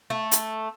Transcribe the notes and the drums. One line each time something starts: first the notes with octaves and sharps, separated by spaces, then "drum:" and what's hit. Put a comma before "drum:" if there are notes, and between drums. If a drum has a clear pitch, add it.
A3
drum: hi-hat